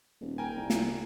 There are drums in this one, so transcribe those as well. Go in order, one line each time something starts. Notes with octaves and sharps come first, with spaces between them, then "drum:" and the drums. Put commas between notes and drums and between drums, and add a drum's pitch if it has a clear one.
D#1
A#4 G5 G#5
C2
drum: snare